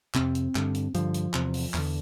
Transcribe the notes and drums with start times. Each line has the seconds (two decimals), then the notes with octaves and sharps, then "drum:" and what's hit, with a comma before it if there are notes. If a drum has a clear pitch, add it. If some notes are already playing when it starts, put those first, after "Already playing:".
0.15 F2 C3 C4, drum: clap
0.35 drum: hi-hat
0.55 G2 D3, drum: clap
0.75 drum: hi-hat
0.94 G2 D3 F3, drum: hi-hat
1.14 drum: hi-hat
1.34 E2 C3, drum: clap
1.54 drum: open hi-hat
1.74 E2 D3, drum: clap